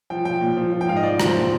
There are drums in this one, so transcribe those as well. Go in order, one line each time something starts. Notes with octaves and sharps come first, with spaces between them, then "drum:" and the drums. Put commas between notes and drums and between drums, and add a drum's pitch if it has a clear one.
F3 G5
F3 G5
A#2
F3
F3
G5
G#2 F5
D#5
F3 D5
F3, drum: rim click
C5
A#2